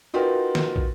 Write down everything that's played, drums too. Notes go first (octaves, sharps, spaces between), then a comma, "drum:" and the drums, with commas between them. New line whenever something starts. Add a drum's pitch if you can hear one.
D#4 F4 F#4 A#4 B4 G5
drum: snare
drum: kick